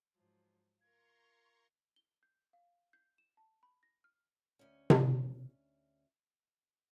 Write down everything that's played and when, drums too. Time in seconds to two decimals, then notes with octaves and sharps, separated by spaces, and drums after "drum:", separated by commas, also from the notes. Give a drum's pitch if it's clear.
0.15 G#2 F3 F#3
0.81 F4 A#4 A#5 C6 C#6 G#6
1.96 G7
2.23 G6
2.53 F5
2.93 G6
3.18 E7
3.37 A5
3.63 B5
3.83 A#6
4.04 F6
4.59 D2 C#4
4.90 drum: tom C3